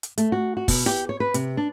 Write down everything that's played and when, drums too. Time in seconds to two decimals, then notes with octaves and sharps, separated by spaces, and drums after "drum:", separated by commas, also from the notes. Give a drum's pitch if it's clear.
0.03 drum: hi-hat
0.18 A3, drum: hi-hat
0.32 F#4
0.57 F#4
0.68 B2, drum: kick, open hi-hat
0.86 G4, drum: snare E4
1.09 C#5
1.20 B4
1.34 C3, drum: hi-hat
1.57 D4